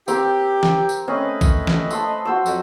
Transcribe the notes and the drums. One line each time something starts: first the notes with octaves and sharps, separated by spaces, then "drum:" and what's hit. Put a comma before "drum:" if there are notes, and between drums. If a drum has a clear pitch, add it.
C4 G4 A#4 E6, drum: tambourine
drum: snare
drum: tambourine
A3 C4 C#4 B4 D#5
drum: kick A#1, tambourine
drum: snare
A5 C6 E6, drum: tambourine
F#4 C5 E6
F2 F#3, drum: tambourine